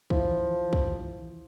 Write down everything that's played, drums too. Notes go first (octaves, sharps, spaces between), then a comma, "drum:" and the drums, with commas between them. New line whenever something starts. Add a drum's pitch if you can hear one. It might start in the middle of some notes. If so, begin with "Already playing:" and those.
E3 F3 E4, drum: kick
drum: kick